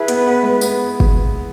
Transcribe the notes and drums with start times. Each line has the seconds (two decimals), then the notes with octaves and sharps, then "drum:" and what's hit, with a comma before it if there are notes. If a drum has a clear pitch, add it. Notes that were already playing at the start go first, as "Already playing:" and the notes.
Already playing: E4 G#4 B4
0.08 B3, drum: hi-hat
0.27 B3
0.43 G#3
0.61 B3, drum: tambourine
1.00 drum: kick